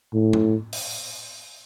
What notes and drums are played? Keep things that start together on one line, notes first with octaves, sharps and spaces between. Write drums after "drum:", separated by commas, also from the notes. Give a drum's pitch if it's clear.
A2
drum: tom A2
drum: open hi-hat